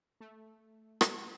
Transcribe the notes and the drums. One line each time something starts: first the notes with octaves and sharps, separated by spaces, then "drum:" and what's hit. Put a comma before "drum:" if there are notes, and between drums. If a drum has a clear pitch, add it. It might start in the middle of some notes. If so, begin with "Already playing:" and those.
A3
drum: rim click